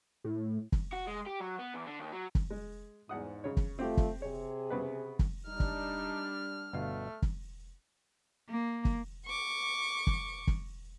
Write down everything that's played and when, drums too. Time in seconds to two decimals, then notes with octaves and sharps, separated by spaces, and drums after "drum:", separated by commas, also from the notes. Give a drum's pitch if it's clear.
0.24 A2
0.72 drum: kick
0.93 F#4
1.07 G#3
1.26 G4
1.40 F#3
1.59 B3
1.74 E2
1.86 D3
1.99 D#2
2.13 F#3
2.35 drum: kick
2.50 G#3
3.09 E2 G#2 F#5 D#6
3.44 C#3 C#5
3.57 drum: kick
3.79 A3 C4 F4 G4
3.97 drum: kick
4.22 C3 G#4 C#5
4.70 C#3 B3 B4
5.19 drum: kick
5.47 G3 D4 D#4 F6
5.60 drum: kick
6.73 G1 B2 A3 F5
7.22 drum: kick
8.50 A#3
8.85 drum: kick
9.26 C#6 D6
10.07 drum: kick
10.47 drum: kick